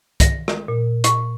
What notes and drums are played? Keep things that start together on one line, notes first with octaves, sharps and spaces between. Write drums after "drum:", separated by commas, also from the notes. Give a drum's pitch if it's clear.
A#6, drum: kick C2, hi-hat
drum: rim click
A#2
C#6, drum: hi-hat